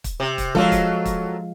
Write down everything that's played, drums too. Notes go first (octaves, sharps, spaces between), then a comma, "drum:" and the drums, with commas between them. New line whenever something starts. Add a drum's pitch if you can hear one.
drum: kick, hi-hat
C3
drum: kick, hi-hat
F3 F#3 G#3 F4 A4 F5, drum: snare
drum: kick, hi-hat
drum: kick, hi-hat